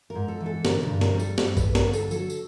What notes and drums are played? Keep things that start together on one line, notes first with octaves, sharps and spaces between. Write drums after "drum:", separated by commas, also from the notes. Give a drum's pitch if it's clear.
A#4
G#2
A4
E3
A4
D3 A#4, drum: snare
A#4, drum: tom B2
G2
A#4, drum: snare
G3
A4, drum: tambourine
G2 A4, drum: snare
B4, drum: kick A1, tambourine
G2
A#4, drum: snare
D3
A4, drum: tambourine
F#3 A4, drum: tambourine
drum: tambourine